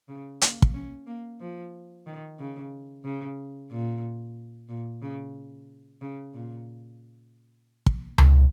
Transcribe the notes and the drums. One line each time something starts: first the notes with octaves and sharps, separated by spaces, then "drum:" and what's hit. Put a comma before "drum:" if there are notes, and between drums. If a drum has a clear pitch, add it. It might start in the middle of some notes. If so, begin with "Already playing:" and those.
C#3
A#3, drum: hi-hat
drum: kick
C#4
A#3
F3
D#3
C#3
C#3
A#2
A#2
C#3
C#3
A#2
drum: kick
drum: tom C#2